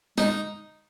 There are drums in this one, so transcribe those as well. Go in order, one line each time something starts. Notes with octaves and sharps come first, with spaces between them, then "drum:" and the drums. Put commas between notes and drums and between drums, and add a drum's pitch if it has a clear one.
G#3 D#4, drum: snare